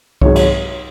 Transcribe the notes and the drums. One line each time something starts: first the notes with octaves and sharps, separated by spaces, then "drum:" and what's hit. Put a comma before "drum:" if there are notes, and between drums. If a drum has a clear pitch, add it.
G#1 G#2 F#3 C#5, drum: kick C2
C#5, drum: cymbal